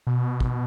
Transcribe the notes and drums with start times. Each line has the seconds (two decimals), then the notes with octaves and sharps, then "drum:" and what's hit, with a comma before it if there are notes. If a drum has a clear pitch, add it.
0.07 B2
0.40 drum: kick